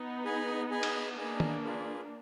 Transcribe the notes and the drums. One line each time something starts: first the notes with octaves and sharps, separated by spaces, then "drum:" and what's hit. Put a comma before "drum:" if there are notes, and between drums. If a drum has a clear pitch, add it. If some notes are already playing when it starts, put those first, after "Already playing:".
Already playing: B3 D#4
G#4 B4 D#5 G#5
G#4 B4 D#5 G#5
drum: cymbal
A#3 D4 G#4 B4 D#5 G#5
drum: tom
F4 G#4 B4